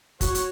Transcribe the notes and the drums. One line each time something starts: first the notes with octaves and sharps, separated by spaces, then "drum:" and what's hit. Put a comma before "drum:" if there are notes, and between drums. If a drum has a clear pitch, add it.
F#4 C#5, drum: kick, hi-hat
drum: hi-hat